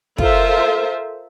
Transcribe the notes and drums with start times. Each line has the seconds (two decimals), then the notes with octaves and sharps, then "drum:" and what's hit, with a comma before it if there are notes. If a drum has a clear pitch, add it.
0.18 F4 A4 A#4 C5 E5, drum: kick